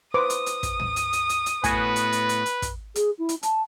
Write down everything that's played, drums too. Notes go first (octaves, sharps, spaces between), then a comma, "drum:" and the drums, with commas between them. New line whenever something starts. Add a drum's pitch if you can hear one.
B4 C5 D6 D#6
drum: hi-hat
drum: hi-hat
drum: kick, hi-hat
drum: tom
drum: hi-hat
drum: hi-hat
drum: hi-hat
drum: hi-hat
A2 B3 F#4 B4 G#5, drum: kick, hi-hat
drum: hi-hat
drum: hi-hat
drum: hi-hat
drum: hi-hat
drum: kick, hi-hat
G#4, drum: hi-hat
E4
drum: hi-hat
A5, drum: hi-hat